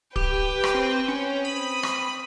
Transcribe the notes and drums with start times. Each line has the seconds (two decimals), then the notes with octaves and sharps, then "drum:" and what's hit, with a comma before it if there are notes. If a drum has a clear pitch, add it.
0.16 G4 B4 G5, drum: kick D1
0.64 drum: rim click
0.75 C4
1.08 C#4
1.45 C4 B5 D#6
1.83 drum: rim click